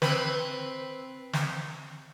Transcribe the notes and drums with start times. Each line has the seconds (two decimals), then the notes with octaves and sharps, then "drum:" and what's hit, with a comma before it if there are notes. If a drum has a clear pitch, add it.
0.02 C4 B4, drum: snare
1.33 drum: snare